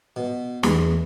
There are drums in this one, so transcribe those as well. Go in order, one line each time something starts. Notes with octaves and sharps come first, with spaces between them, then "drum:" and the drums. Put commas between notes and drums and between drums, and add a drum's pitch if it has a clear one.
B2
E2, drum: snare